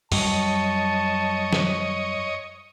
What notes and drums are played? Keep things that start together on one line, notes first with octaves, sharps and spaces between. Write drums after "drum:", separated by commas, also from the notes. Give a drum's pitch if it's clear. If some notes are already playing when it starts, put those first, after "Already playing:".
F#2 G3 C#5 D#5 A5, drum: open hi-hat
drum: snare